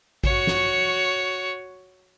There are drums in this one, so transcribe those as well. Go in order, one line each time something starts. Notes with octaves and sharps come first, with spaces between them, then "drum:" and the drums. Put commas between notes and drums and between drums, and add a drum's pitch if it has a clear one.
F#4 C#5, drum: kick A1
drum: snare